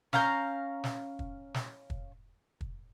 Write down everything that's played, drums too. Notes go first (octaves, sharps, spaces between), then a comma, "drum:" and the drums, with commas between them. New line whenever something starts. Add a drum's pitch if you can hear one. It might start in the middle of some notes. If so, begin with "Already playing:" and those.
C#4 F5 A#5 G6, drum: snare
drum: snare
drum: kick
drum: snare
drum: kick
drum: kick